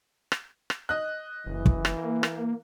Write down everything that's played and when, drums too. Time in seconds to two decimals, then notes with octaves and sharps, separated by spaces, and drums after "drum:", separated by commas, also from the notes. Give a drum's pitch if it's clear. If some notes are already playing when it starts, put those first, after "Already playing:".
0.32 drum: rim click
0.70 drum: rim click
0.89 D#5 F#6
1.46 F#1 E3
1.66 drum: kick
1.85 drum: rim click
1.97 A#3
2.23 drum: rim click